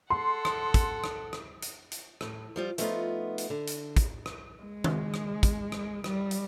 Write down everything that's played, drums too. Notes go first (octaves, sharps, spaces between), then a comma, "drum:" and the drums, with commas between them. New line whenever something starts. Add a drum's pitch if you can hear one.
A4 F#5 C6
drum: rim click
drum: kick, hi-hat
drum: rim click
drum: rim click
drum: hi-hat
drum: hi-hat
A2, drum: rim click
F3 G3 F4
F3 G3 A3 B3 D#4 F4, drum: hi-hat
drum: hi-hat
D3
drum: hi-hat
drum: kick, hi-hat
drum: rim click
G#3
drum: tom D#3
drum: rim click
drum: kick, hi-hat
drum: rim click
G3, drum: rim click
drum: hi-hat